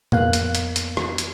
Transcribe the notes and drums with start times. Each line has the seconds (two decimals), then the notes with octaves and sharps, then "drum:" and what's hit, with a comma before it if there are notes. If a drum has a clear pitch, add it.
0.12 F2 A#3 B3 F5 F#6, drum: tom
0.33 drum: hi-hat
0.55 drum: hi-hat
0.76 drum: hi-hat
0.97 drum: rim click
1.18 drum: hi-hat